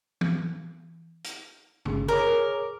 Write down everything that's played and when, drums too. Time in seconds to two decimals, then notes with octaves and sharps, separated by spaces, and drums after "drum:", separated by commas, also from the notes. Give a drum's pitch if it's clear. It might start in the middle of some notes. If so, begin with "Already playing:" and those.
0.21 drum: tom
1.24 drum: hi-hat
1.85 G1 C#3, drum: tom
2.08 G#4 A#4 C#5 D6